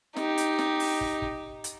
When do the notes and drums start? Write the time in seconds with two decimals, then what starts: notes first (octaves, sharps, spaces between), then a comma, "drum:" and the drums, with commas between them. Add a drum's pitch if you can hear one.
0.16 D#4 G4, drum: snare
0.38 drum: hi-hat
0.59 drum: snare
0.80 drum: open hi-hat
1.01 drum: kick
1.22 drum: kick
1.64 drum: hi-hat